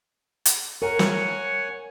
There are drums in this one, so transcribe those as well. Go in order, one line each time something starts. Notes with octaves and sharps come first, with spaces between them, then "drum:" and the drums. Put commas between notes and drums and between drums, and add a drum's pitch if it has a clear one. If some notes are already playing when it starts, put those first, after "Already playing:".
drum: hi-hat
A#4 C#5 F#5 G#5
drum: snare